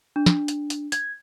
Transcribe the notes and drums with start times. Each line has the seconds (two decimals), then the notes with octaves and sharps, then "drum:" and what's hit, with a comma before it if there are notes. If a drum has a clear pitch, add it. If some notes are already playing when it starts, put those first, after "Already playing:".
0.16 D4
0.26 drum: snare
0.48 drum: hi-hat
0.70 drum: hi-hat
0.92 G#6, drum: hi-hat